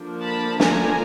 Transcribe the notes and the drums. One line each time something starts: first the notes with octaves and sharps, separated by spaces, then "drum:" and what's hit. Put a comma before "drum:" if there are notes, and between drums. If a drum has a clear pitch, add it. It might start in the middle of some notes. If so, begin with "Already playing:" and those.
Already playing: D3 F3 A#3 D4
A5 B5
G#5 A#5, drum: snare